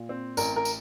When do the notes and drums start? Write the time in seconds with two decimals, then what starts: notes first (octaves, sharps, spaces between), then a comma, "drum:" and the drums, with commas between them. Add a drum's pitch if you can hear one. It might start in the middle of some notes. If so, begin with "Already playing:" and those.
Already playing: A#2
0.09 C4
0.37 A1 A#4, drum: tambourine
0.56 A#4
0.65 drum: tambourine